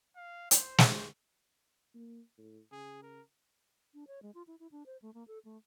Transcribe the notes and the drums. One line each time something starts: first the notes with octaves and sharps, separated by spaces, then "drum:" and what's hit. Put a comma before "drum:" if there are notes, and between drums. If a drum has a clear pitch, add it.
F5
C5, drum: hi-hat
drum: snare
A#3
A2
C#3 G#4
A#4
D4
C#5
G#3
F4
E4
E4
D4
C5
A3
A#3
A4
A3